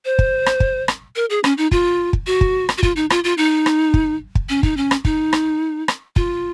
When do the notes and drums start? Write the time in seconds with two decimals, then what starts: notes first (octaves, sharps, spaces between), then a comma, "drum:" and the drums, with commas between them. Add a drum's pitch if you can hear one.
0.05 C5
0.19 drum: kick
0.46 drum: rim click
0.60 drum: kick
0.88 drum: rim click
1.16 A#4
1.30 G#4
1.44 C#4, drum: rim click
1.58 D#4
1.71 F4, drum: kick
2.13 drum: kick
2.27 F#4
2.41 drum: kick
2.69 drum: rim click
2.78 F#4
2.83 F4, drum: kick
2.96 D#4
3.10 F4, drum: rim click
3.24 F4
3.38 D#4
3.66 drum: rim click
3.94 drum: kick
4.35 drum: kick
4.49 C#4
4.63 D#4, drum: kick
4.77 C#4
4.91 drum: rim click
5.05 D#4, drum: kick
5.33 drum: rim click
5.88 drum: rim click
6.16 F4, drum: kick